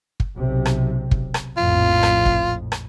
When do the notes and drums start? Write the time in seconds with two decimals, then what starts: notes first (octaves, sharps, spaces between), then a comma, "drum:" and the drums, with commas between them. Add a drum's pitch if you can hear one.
0.20 drum: kick
0.35 B1 C3
0.66 drum: rim click
1.11 drum: kick
1.34 drum: rim click
1.57 A#1 F2 A2 F4
2.03 drum: rim click
2.26 drum: kick
2.72 drum: rim click